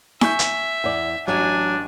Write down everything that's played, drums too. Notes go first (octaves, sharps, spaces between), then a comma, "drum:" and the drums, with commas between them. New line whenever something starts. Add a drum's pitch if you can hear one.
E5 G#5 C#6 G6, drum: snare E4
drum: hi-hat
E2 D5
A1 F#3 D4 G#5